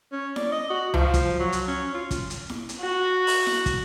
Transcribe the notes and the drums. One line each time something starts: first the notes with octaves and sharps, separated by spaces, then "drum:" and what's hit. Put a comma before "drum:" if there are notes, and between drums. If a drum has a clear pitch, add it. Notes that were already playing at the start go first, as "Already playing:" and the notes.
C#4
D5, drum: snare E4
D#5
F#4
F3, drum: tom C#2
drum: kick, hi-hat
F#3
drum: hi-hat
C#4
F4
drum: kick, hi-hat
drum: hi-hat
drum: snare E4
drum: hi-hat
F#4
drum: open hi-hat
drum: snare E4
drum: kick, hi-hat